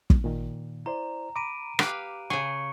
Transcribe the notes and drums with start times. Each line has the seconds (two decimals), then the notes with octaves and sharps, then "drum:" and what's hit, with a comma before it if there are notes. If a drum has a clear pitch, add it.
0.10 drum: kick
0.24 A#2 D#3
0.86 E4 C5 D5 A#5
1.36 A#5 B5 D6 D7 D#7
1.79 G4 B4 F5 D6, drum: rim click
2.30 C#3 G#4 C#6 C#7